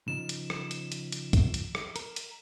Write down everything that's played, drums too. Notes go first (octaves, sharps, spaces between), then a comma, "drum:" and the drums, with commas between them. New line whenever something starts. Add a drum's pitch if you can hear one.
C#3 F3 D#4 E7
drum: hi-hat
drum: rim click
drum: hi-hat
drum: hi-hat
drum: hi-hat
drum: kick C#2, hi-hat
drum: hi-hat
drum: rim click
A#4, drum: hi-hat
drum: hi-hat